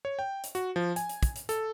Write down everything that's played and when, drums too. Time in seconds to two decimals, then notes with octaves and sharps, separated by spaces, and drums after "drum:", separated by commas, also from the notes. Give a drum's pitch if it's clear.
0.05 C#5
0.19 G5
0.44 drum: hi-hat
0.55 F#4, drum: hi-hat
0.76 F3
0.96 G#5, drum: hi-hat
1.09 drum: hi-hat
1.23 drum: kick, hi-hat
1.36 drum: hi-hat
1.49 A4, drum: hi-hat